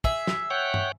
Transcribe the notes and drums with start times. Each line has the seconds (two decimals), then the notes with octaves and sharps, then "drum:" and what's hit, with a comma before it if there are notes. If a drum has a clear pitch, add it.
0.04 G#4 E5, drum: kick
0.27 drum: snare
0.50 C#5 F#5 G5
0.74 drum: tom G2